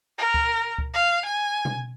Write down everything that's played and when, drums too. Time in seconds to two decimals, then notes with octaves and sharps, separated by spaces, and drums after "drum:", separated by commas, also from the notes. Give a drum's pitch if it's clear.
0.18 A#4
0.34 drum: kick C#2
0.78 drum: kick C#2
0.94 F5
1.26 G#5
1.65 drum: tom B2